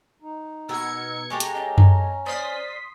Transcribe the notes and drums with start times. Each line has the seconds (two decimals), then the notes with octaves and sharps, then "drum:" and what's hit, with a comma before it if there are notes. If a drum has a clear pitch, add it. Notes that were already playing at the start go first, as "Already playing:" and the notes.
0.22 D#4
0.69 B2 A#4 E6 G#6 C#7
1.30 G#3 G4 A4 A#5 C#6
1.40 drum: hi-hat
1.54 C#4 D#5
1.78 drum: tom F#2
2.26 C5 D5 F5 C6 D#6 B6